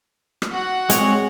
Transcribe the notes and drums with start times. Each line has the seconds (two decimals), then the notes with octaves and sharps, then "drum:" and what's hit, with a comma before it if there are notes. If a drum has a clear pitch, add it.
0.42 drum: rim click
0.52 F#4 F#5
0.90 G#3 C4 C#5, drum: hi-hat